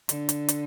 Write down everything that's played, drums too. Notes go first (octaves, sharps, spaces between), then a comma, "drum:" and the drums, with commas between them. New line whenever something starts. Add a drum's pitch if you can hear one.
D3, drum: hi-hat
drum: hi-hat
drum: hi-hat